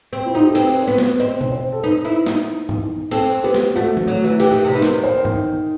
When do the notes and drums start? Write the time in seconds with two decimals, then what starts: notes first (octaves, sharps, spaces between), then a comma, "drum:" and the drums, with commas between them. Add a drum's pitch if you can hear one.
0.13 C4
0.25 E4
0.33 D#4 F#4
0.40 G4
0.48 A4
0.55 C4 B4, drum: cymbal
0.83 C5
0.87 B3 B4
0.98 drum: snare
1.20 C4 D#5
1.41 drum: tom B2
1.52 C5
1.72 A4
1.83 D#4 B4
2.05 E4
2.26 D#4, drum: snare
2.69 drum: tom G2
3.11 C4 A4, drum: cymbal
3.44 B3 G4
3.54 drum: snare
3.76 A3 F#4
3.97 drum: tom D#3
4.07 F#3
4.24 E3
4.40 E3 G4, drum: cymbal
4.51 D#3
4.65 C3
4.72 D#3 B4
4.82 drum: snare
5.04 C5
5.25 drum: tom G2